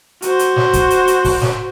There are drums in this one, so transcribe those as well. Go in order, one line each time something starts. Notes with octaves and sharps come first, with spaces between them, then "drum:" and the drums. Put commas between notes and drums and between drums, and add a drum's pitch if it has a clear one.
F#4 C5, drum: hi-hat
drum: hi-hat
drum: snare
drum: kick, hi-hat
drum: hi-hat
drum: hi-hat
drum: kick, open hi-hat
drum: snare